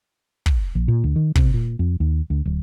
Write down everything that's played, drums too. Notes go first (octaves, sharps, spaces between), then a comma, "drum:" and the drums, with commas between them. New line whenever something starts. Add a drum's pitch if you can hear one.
drum: kick
A#1
A#2
D2
D#3
C3, drum: kick
A#2
F2
D#2
D2
D1